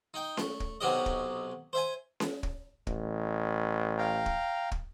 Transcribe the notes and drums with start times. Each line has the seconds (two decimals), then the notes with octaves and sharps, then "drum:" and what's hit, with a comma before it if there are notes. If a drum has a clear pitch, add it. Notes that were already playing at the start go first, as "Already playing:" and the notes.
0.14 D#4 G5
0.37 A3, drum: snare C#4
0.60 drum: kick
0.81 B1 C3 F#3 G4 D#5
1.06 drum: kick
1.73 C5 E5 G#5
2.20 drum: snare C#4
2.43 drum: kick
2.87 A1, drum: kick
3.98 F5 G5 A#5
4.26 drum: kick
4.72 drum: kick